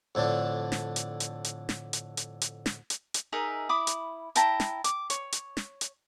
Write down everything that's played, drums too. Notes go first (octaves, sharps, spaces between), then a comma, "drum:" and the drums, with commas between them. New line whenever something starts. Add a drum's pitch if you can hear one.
F2 A2 D3 D4
drum: snare
drum: hi-hat
drum: hi-hat
drum: hi-hat
drum: snare
drum: hi-hat
drum: hi-hat
drum: hi-hat
drum: snare
drum: hi-hat
drum: hi-hat
D#4 G#4 A#4 E5
E4 B5 D6 D#6
drum: hi-hat
E4 G5 A5 A#5, drum: hi-hat
drum: snare
D6, drum: hi-hat
C#5, drum: hi-hat
drum: hi-hat
drum: snare
drum: hi-hat